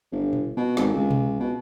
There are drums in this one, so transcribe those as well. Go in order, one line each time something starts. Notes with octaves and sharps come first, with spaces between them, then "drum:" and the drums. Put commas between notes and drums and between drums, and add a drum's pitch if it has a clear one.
G1
drum: tom A#2
B2
G#1, drum: snare
C#2
drum: tom B2
B2